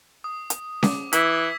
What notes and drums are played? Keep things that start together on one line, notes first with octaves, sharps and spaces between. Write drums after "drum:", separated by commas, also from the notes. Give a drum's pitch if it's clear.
D#6
drum: hi-hat
D6, drum: snare C#4
E3 E6 G#6 B6, drum: hi-hat